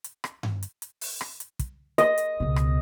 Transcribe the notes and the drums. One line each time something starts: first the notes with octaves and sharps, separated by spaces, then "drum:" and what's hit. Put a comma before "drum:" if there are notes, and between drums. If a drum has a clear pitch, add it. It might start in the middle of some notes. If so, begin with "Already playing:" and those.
drum: hi-hat
drum: rim click
drum: tom G2
drum: hi-hat
drum: hi-hat
drum: open hi-hat
drum: rim click
drum: hi-hat
drum: kick, hi-hat
D#5, drum: hi-hat
drum: hi-hat
C#2 B2
drum: rim click